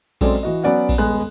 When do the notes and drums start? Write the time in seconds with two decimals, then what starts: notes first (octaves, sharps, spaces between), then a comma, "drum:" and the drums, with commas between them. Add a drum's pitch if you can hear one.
0.21 F#3 G#3 C4 C#4 A4 D5, drum: kick A#1, cymbal
0.43 E3 F#4 D#5
0.64 F#3 B3 C#4 D5 F#5
0.89 drum: kick A#1, cymbal
0.98 D#1 G#3 B3 F#6